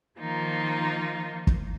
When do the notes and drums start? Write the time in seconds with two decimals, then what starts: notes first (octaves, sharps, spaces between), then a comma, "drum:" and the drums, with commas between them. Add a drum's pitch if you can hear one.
0.19 D#3 F3 A#3 D#4 F4
1.47 drum: kick